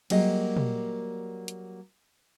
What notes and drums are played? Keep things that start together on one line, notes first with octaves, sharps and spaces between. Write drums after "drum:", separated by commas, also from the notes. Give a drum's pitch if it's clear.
F#3 G3 A#3 G#4 D#5, drum: cymbal
drum: tom
drum: hi-hat